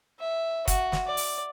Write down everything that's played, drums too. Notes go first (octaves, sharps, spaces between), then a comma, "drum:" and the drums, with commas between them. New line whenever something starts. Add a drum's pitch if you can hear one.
E5
F#4, drum: kick, hi-hat
drum: snare
D5
drum: open hi-hat